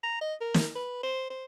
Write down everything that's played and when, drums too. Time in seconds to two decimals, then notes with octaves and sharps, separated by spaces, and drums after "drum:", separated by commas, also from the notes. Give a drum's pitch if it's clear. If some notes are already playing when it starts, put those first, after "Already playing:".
0.03 A#5
0.21 D#5
0.41 A#4
0.54 drum: snare
0.76 B4
1.03 C5
1.30 C5